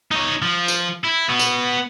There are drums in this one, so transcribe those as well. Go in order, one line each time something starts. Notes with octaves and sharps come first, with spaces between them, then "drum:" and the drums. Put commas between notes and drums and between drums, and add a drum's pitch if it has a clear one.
D#4 C#5
F3
drum: tambourine
E4
B3 F#4
drum: tambourine